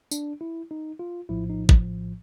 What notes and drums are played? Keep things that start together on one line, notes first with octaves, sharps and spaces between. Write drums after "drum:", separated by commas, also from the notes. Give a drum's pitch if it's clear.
D4, drum: tambourine
E4
D#4
F4
A#1 A2 F3 E4
D#4
drum: kick G#1